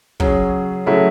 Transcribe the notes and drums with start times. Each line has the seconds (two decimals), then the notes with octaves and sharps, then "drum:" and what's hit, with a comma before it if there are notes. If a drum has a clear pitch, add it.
0.20 C#3 F#3 C#4 G#4, drum: kick
0.86 C#3 F#3 A3 E4